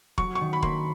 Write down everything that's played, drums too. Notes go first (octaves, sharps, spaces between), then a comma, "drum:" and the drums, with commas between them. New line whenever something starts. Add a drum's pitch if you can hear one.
F#3 C#6, drum: kick E1
C#6
D#3
B5
A#3 C6, drum: kick E1